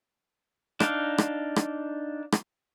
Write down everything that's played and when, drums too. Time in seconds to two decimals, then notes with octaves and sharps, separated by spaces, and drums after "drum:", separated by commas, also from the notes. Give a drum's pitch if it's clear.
0.80 D4 D#4 F5, drum: rim click
1.18 drum: rim click
1.56 drum: rim click
2.32 drum: rim click